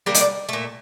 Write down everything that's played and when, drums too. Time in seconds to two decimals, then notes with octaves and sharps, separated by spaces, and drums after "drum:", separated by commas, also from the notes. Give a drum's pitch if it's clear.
0.06 D3 G3 A#3 A#4
0.14 D#5, drum: hi-hat
0.21 D5
0.49 A#2 A3